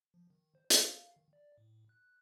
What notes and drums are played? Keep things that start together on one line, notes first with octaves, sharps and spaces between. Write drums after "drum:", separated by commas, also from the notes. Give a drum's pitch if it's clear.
F3
D#3
C5
F5, drum: hi-hat
D#3
D5
A2
F#6